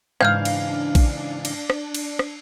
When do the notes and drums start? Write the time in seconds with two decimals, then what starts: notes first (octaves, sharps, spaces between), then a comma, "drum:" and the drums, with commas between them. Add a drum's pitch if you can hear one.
0.21 G#2 C#3 E3 D4 F5 F6 G6 G#6, drum: rim click
0.45 drum: cymbal
0.95 drum: kick A#1, cymbal
1.45 drum: cymbal
1.70 drum: rim click
1.94 drum: cymbal
2.19 drum: rim click